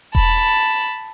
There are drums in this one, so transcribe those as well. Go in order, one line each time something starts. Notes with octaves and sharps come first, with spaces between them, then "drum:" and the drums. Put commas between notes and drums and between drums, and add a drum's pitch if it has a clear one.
A5 B5, drum: kick E1